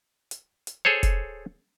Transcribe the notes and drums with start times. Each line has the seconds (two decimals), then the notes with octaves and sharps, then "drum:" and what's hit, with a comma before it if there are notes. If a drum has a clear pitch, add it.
0.31 drum: hi-hat
0.67 drum: hi-hat
0.85 G#4 A4 C5 C#5
1.03 drum: kick F1, hi-hat